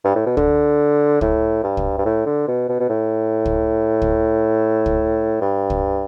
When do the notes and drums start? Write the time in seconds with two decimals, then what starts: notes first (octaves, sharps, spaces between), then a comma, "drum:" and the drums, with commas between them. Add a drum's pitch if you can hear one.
0.05 G2
0.15 A2
0.26 B2
0.37 D3, drum: kick
1.21 A2, drum: kick
1.63 G2
1.77 drum: kick
1.98 G2
2.05 A2
2.26 D3
2.48 B2
2.69 B2
2.80 B2
2.89 A2
3.46 drum: kick
4.02 drum: kick
4.86 drum: kick
5.41 G2
5.70 drum: kick